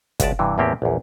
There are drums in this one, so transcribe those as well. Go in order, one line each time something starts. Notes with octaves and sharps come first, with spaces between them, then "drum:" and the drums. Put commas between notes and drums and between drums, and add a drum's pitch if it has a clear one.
C#2 G#3 F#4 B4 D5 A5, drum: kick, hi-hat
G2 C3 E3
E2 A2 A#3 C4 G4
A#1 E2